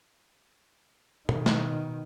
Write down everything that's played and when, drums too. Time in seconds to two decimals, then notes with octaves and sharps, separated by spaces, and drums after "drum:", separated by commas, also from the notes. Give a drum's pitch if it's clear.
1.29 B2 D#3, drum: tom
1.46 drum: snare